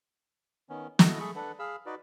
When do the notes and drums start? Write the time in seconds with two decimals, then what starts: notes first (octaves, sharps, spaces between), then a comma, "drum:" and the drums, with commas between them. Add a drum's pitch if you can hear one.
0.69 D#3 B3 C#4
0.99 E4 F#4 A4 D#5, drum: snare
1.19 A3 G#4 A4 B5 C#6
1.35 D4 A4 B4 F#5
1.59 G#4 F5 B5 E6
1.86 D#4 F#4 B4 D5